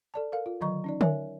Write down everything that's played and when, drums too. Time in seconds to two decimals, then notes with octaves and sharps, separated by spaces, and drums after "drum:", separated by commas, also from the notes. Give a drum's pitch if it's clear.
0.14 A4 D5 A5
0.32 A4 A#4 F5
0.46 F4
0.60 D3 D#3 F#3 D#5 A#5 C#6
0.84 C#4 D#4 D5
1.01 A#4 C#5 E5 G#5, drum: tom D3